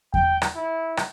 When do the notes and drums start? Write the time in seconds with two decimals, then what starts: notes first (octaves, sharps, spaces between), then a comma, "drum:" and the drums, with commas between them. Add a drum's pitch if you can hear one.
0.14 G5, drum: kick E2
0.42 drum: rim click
0.56 E4
0.97 drum: rim click